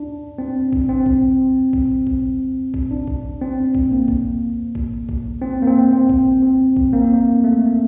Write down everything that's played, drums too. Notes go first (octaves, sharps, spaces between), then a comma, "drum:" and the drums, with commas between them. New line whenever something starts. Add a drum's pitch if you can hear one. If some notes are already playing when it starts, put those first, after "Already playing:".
Already playing: D4
C4
drum: kick A#1
C4
drum: kick A#1
drum: kick A#1
drum: kick A#1
drum: kick A#1
D4
drum: kick A#1
C4
drum: kick A#1
A#3
drum: kick A#1
drum: kick A#1
drum: kick A#1
C4
A#3
C4
C4
drum: kick A#1
C4
drum: kick A#1
A#3
C4
A#3
A3